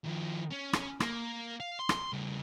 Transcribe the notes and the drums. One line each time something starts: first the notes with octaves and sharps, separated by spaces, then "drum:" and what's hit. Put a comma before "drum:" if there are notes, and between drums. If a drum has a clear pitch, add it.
D#3 F3
C#4
drum: rim click
A#3, drum: rim click
F5
C6
drum: rim click
C#3 G3